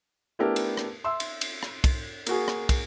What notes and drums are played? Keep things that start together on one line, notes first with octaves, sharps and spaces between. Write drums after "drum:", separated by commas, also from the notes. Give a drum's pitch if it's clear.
A3 B3 D4 E4 G4 A#4
drum: cymbal
drum: rim click
E5 C6 E6
drum: cymbal
drum: cymbal
drum: rim click
drum: kick, cymbal
A#3 F#4 G#4, drum: cymbal
drum: rim click
drum: kick, cymbal